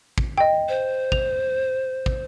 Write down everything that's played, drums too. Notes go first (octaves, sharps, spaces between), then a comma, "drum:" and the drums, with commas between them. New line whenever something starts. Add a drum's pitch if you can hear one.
drum: kick
D#5 G5
C5
F7, drum: kick
drum: kick